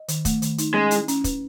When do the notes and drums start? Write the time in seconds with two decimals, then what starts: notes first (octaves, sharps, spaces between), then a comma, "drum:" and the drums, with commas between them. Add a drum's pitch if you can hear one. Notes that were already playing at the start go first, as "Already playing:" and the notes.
Already playing: D#5
0.08 D#3, drum: hi-hat
0.25 A3, drum: kick, hi-hat
0.42 D#3, drum: hi-hat
0.58 D#4, drum: hi-hat
0.74 G#3 C#4
0.91 E4, drum: hi-hat
1.08 C#4, drum: hi-hat
1.24 B4, drum: kick, hi-hat